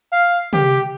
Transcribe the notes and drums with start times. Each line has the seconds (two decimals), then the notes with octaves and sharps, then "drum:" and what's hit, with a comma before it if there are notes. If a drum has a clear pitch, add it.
0.12 F5
0.53 G4, drum: tom